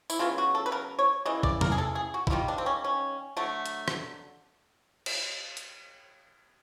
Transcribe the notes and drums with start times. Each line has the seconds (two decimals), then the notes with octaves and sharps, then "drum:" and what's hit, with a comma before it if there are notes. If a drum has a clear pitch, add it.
0.10 E4, drum: tambourine
0.19 C#3 F#3 B3 F4
0.38 F#4
0.55 A4
0.66 B4
0.72 A#4
0.99 C#5
1.26 C#3 E3 D#5
1.43 D5, drum: kick
1.61 A#4, drum: tom
1.72 G#4
1.78 A4
1.95 G#4
2.14 F#4
2.27 E4, drum: kick
2.30 D#3 G3 A#3 F4
2.48 D4
2.58 C4
2.66 C#4
2.84 C#4
3.37 D3 F#3 A3
3.66 drum: hi-hat
3.88 drum: rim click
5.06 drum: cymbal
5.57 drum: hi-hat